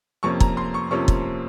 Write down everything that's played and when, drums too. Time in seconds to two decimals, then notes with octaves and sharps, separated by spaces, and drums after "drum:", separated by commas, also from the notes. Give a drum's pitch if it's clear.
0.23 F2 C3 F3 A#3 C#4 C#6
0.40 A#5, drum: kick
0.57 C6
0.74 C#6
0.91 F2 C3 F3 A#3 C#4 C#6
1.08 drum: kick